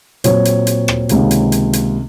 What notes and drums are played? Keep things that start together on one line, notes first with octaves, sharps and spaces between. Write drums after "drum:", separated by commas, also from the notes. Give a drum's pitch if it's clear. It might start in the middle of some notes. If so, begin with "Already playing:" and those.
A#2 F#3 C4 C#5, drum: hi-hat
drum: hi-hat
drum: hi-hat
drum: rim click
C#2 C3 D#3 A#3, drum: hi-hat
drum: hi-hat
drum: hi-hat
drum: hi-hat